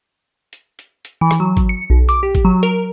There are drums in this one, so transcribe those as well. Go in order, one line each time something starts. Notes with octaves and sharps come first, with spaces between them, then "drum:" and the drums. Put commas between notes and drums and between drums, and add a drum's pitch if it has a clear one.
drum: hi-hat
drum: hi-hat
drum: hi-hat
E3
drum: rim click
F#3
drum: kick G#1, hi-hat
C#7
B1
D6, drum: hi-hat
G4
drum: kick G#1, hi-hat
F#3
A#4, drum: hi-hat